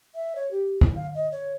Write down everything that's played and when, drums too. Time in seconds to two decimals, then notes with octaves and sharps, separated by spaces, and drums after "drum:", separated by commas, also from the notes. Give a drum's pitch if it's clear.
0.15 E5
0.36 C#5
0.51 G4
0.81 E4, drum: kick
0.96 F5
1.15 D#5
1.32 C#5